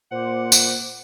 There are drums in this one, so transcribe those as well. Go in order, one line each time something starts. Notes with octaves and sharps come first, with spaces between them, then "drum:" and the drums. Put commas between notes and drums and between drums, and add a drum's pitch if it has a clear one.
A#2 C5 F#5 D6
drum: tambourine